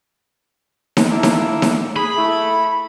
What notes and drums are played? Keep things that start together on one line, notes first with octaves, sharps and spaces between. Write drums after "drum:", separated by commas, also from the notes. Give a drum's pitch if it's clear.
drum: snare D#4
A#3 D4 E4
drum: snare D#4
drum: snare D#4
G#4 B5
A3 E4